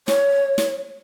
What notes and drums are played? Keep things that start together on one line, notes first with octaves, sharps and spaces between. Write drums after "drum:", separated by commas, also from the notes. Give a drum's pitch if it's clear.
C#5, drum: snare
drum: snare